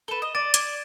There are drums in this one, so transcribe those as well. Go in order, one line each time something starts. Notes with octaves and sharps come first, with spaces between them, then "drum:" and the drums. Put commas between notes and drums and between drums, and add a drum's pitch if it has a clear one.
A4 B4 E7 G7
D#5
D5 A6 D7 D#7
D5 G#6, drum: hi-hat